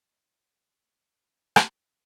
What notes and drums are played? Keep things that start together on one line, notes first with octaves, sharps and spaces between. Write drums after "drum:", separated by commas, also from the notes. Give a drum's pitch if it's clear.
D#4 F4 C5 C#5
F#2 C4
drum: rim click